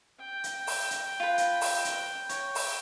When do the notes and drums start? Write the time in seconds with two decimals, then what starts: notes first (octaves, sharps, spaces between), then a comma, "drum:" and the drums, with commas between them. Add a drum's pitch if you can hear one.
0.20 G5
0.44 drum: hi-hat
0.67 drum: open hi-hat
0.91 drum: hi-hat
1.20 F4 B4
1.38 drum: hi-hat
1.61 drum: open hi-hat
1.85 drum: hi-hat
2.29 C#5, drum: hi-hat
2.55 drum: open hi-hat